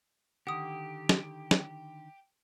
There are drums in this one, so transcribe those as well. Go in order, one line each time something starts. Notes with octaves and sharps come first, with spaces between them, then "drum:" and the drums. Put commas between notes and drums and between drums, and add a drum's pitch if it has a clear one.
D3 D#3 G4 F#5 D#6
drum: snare
drum: snare